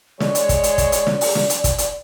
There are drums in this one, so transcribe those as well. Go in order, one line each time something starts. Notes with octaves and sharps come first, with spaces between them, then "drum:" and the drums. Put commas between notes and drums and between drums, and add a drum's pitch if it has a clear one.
G#3 C#5 D5, drum: snare
drum: hi-hat
drum: kick, hi-hat
drum: hi-hat
drum: kick, hi-hat
drum: hi-hat
drum: snare
drum: open hi-hat
drum: snare
drum: hi-hat
drum: kick, hi-hat
drum: hi-hat